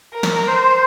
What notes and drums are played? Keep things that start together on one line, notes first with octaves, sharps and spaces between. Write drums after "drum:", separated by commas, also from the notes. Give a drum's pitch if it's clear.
A#4
drum: snare
C5